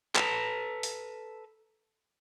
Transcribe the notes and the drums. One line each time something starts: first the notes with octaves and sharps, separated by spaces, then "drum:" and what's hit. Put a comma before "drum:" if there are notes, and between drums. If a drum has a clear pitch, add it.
A4 B4 A5 A#5, drum: clap
drum: open hi-hat